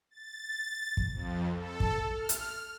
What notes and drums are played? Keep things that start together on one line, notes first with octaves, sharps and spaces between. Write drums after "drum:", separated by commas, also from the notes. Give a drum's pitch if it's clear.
A6
drum: kick
F2
A4
drum: kick
F6
drum: hi-hat